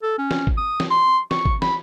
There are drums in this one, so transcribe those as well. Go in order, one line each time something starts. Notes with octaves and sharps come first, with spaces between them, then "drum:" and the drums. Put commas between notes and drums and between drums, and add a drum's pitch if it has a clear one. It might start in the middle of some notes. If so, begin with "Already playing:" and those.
A4
C#4
drum: snare
drum: kick G#1
D#6
drum: snare
C6
C#6, drum: snare
drum: kick G#1
B5, drum: snare